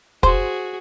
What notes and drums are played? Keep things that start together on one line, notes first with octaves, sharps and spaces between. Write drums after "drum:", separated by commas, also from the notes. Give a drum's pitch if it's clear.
F#4 G#4 C5, drum: kick